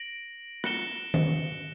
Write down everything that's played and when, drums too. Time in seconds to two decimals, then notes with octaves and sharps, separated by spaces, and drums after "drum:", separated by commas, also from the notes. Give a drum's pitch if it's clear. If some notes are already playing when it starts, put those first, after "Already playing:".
Already playing: A#6 D7 F#7
0.64 F#6 C#7 E7 G7, drum: rim click
1.14 drum: tom D#3